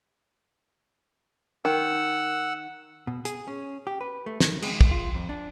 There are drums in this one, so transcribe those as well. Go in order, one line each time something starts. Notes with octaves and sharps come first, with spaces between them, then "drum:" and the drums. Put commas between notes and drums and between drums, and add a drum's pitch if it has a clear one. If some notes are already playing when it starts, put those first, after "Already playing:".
D#3 F#5 E6
B2
G#4, drum: hi-hat
C#4
G4
B4
A3
D#3, drum: snare
G#3, drum: cymbal
drum: kick
F4
F2
D4